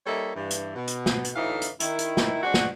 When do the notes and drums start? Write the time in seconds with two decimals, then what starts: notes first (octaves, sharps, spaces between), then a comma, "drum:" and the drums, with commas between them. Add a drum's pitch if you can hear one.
0.06 G3 A#3 D#4 A4 C#5 E5
0.35 G2 E3
0.50 drum: hi-hat
0.76 B2
0.88 drum: hi-hat
1.06 drum: snare
1.25 drum: hi-hat
1.35 D2 A2 E3 D#4 E5 F5
1.62 drum: hi-hat
1.80 D#3 E4, drum: hi-hat
1.99 drum: hi-hat
2.17 drum: snare
2.43 G#3 C4 D4 F#4
2.54 drum: snare